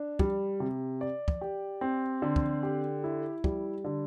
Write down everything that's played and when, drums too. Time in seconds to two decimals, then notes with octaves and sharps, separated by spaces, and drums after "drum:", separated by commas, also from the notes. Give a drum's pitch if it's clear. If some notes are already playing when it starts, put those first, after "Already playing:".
Already playing: D4
0.19 G3, drum: kick
0.60 C3
1.01 D5
1.28 drum: kick
1.41 G4
1.81 C4
2.22 D3
2.36 drum: kick
2.63 G4
3.04 E4
3.44 G3, drum: kick
3.84 D3